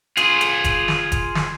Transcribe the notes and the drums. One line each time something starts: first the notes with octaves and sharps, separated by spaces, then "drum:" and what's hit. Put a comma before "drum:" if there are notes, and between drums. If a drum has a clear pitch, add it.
F4 G#4, drum: hi-hat
drum: hi-hat
drum: kick F1, hi-hat
drum: snare
drum: kick F1, hi-hat
drum: snare